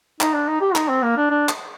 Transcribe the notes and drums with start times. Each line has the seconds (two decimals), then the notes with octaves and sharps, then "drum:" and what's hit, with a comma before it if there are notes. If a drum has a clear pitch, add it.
0.21 D#4, drum: clap
0.34 D4
0.48 D#4
0.61 G4
0.75 D#4, drum: clap
0.89 C4
1.03 A#3
1.17 D4
1.31 D4
1.49 drum: clap